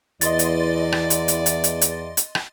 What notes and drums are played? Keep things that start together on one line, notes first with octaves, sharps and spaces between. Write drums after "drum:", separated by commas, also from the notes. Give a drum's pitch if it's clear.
E2 E3 D5 D#5 C6 A6, drum: hi-hat
drum: hi-hat
drum: rim click
drum: hi-hat
drum: hi-hat
drum: hi-hat
drum: hi-hat
drum: hi-hat
drum: hi-hat
drum: rim click